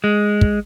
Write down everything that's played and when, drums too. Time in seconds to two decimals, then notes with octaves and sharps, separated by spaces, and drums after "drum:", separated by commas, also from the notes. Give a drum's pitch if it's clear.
0.04 G#3
0.41 drum: kick